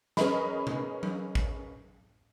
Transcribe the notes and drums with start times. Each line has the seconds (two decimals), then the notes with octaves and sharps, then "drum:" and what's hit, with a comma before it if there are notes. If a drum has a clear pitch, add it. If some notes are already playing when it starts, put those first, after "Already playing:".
0.17 C#4 G#4 A#4 B4 D#5 B5, drum: snare
0.67 drum: tom C3
1.03 drum: tom F#3
1.35 drum: kick A1